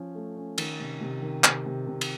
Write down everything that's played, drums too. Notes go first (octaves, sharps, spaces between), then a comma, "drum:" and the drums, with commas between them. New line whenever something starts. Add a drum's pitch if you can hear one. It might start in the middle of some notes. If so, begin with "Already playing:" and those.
Already playing: F3 C#4
A3
C#4
D#3, drum: cymbal
C3
C3
D#3
C3, drum: clap
C3
C3
drum: cymbal